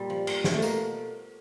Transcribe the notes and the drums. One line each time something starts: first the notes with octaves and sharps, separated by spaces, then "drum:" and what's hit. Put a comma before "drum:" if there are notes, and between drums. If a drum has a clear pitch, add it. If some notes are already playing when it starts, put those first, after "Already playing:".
Already playing: A#2 G3
F3
A#2, drum: cymbal
F3, drum: snare
A3
B2 A#3, drum: tambourine